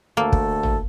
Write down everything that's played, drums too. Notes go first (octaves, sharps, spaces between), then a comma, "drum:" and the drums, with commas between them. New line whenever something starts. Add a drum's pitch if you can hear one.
D2 A3 A#3 A4
drum: kick
drum: tom